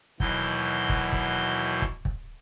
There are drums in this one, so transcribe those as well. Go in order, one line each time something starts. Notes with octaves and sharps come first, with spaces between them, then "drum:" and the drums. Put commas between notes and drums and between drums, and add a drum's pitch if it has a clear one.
D#2 B2 E3 F#3 G6, drum: kick
drum: kick
drum: kick
drum: kick
drum: kick